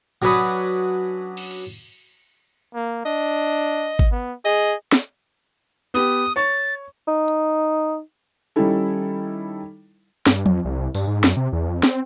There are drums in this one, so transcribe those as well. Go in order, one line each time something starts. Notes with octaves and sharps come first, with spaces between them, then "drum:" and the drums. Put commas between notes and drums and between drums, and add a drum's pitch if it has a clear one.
F#3 C#4 D4 B4 B5 D#6
drum: cymbal
drum: hi-hat
A#3
D4 D#5
drum: kick G#1
B3
G#4 D#5, drum: hi-hat
drum: snare
B3 G4 D#6
C#5 C#6 A6
D#4
drum: hi-hat
D#3 G3 C#4 D#4 E4 A4
G2, drum: snare
F2, drum: tom F3
C2
G2, drum: open hi-hat
G#2
F#2, drum: snare
C3
E2
F2
C4, drum: snare